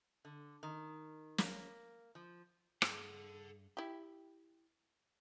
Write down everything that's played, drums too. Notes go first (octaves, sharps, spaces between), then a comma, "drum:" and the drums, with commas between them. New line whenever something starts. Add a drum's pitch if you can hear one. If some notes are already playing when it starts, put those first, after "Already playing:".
D3
D#3
A#3, drum: snare
F3
G2 G#4 A4 F#5, drum: rim click
E4 G4